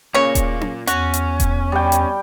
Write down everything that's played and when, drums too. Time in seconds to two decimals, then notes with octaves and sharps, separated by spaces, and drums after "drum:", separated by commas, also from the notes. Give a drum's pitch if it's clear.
0.14 A#2 C#3 A#3 C#5
0.35 drum: kick D#1, hi-hat
0.61 drum: tom C#4
0.87 E2 C#4 F#4, drum: hi-hat
1.14 drum: hi-hat
1.40 drum: kick D#1, hi-hat
1.72 G3 G5
1.92 drum: hi-hat